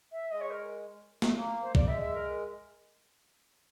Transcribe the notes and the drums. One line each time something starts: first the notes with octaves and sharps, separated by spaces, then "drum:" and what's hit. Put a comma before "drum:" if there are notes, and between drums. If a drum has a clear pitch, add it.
E5
G#3 D#5
C#5
A#4
A3, drum: snare
A#3
C5
D5, drum: kick
G3
G#3 E5
E5
A#4